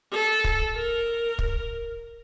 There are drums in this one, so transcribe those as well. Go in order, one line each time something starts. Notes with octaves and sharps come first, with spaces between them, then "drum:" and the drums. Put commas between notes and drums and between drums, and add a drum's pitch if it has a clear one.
A4
drum: kick
A#4
drum: kick